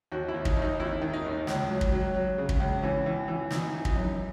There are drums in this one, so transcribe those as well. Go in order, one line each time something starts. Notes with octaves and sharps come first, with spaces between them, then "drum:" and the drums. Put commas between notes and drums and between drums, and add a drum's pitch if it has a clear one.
D#2 F#4
E4
D#2
D#4, drum: kick
D#2
D#4
D#2 E4
D#3
D#4
D#2
C#2, drum: snare
F#3
drum: kick
F#3
F#3
C#3
drum: kick
C#2
E3 C#4
E3
E3
E3 D#4, drum: snare
E3
D#4, drum: kick
F#2